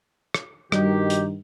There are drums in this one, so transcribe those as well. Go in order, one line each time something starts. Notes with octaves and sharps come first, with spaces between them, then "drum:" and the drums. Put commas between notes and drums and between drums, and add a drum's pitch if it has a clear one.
drum: rim click
G2 D#3 G3 D#4 F#4 G4, drum: rim click
drum: hi-hat